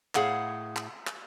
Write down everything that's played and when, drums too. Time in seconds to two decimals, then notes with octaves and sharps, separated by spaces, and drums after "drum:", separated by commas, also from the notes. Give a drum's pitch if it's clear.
0.15 A2 G#4 F5 F#5, drum: clap
0.76 drum: clap
1.07 drum: clap